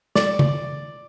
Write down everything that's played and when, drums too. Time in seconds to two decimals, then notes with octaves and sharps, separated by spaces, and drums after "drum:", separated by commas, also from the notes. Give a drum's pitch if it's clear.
0.15 D5, drum: snare
0.39 drum: tom